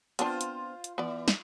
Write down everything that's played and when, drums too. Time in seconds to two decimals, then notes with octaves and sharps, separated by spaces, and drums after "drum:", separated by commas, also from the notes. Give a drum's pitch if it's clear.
0.19 B3 C4 D4 F4 C5, drum: hi-hat
0.41 drum: hi-hat
0.84 drum: hi-hat
0.98 E3 B3 D5
1.28 drum: snare